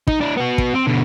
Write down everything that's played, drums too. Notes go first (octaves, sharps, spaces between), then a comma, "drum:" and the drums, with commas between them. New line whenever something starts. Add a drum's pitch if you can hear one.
D#4, drum: kick
D4 E4
B3 F#4
drum: kick
C4
B2 D3